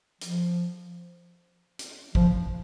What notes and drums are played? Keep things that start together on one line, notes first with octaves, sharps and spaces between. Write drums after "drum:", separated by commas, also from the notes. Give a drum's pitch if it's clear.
F3, drum: hi-hat
drum: hi-hat
F3, drum: kick